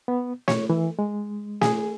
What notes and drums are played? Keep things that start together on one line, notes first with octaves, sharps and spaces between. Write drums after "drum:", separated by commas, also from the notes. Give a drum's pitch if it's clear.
B3
C#5, drum: snare
E3
G#3
G#4, drum: snare